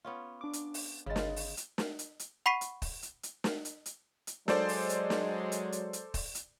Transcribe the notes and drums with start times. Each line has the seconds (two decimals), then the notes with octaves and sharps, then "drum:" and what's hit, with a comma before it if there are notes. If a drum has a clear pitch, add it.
0.05 B3 C#4 F4
0.41 D4 D6
0.53 drum: hi-hat
0.74 drum: open hi-hat
1.06 G1 C#3 G#3 A6
1.16 drum: snare
1.36 drum: open hi-hat
1.57 drum: hi-hat
1.78 drum: snare
1.99 drum: hi-hat
2.19 drum: hi-hat
2.46 F#5 B5 C#6 B6 C7 D#7
2.61 drum: hi-hat
2.82 drum: kick, open hi-hat
3.03 drum: hi-hat
3.23 drum: hi-hat
3.44 drum: snare
3.65 drum: hi-hat
3.86 drum: hi-hat
4.27 drum: hi-hat
4.48 F#3 G#3 A4 C5 D5, drum: snare
4.69 drum: open hi-hat
4.89 drum: hi-hat
5.10 drum: snare
5.52 drum: hi-hat
5.72 drum: hi-hat
5.93 drum: hi-hat
6.14 drum: kick, open hi-hat
6.35 drum: hi-hat